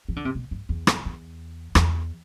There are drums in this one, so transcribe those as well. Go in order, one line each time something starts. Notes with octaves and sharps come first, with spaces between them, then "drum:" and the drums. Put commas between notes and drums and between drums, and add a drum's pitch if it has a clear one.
E3
D3
C3
B2
G2
E2
drum: rim click
E2
E2, drum: rim click